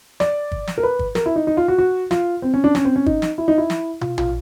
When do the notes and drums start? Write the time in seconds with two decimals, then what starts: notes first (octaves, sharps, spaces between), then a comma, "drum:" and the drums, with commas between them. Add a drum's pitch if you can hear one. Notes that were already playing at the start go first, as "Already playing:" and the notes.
0.20 D5, drum: snare
0.52 drum: kick
0.68 drum: snare
0.78 A#4
0.83 B4
0.99 drum: kick
1.15 A#4, drum: snare
1.26 E4
1.36 D#4
1.47 D#4
1.57 F4
1.68 F#4
1.78 F#4
2.11 F4, drum: snare
2.42 C4
2.54 C#4
2.64 D4
2.75 C#4, drum: snare
2.85 C4
2.96 C#4
3.06 D#4, drum: kick
3.22 drum: snare
3.38 E4
3.48 D#4
3.58 E4
3.70 drum: snare
4.01 F4, drum: tom
4.18 F4, drum: tom A#1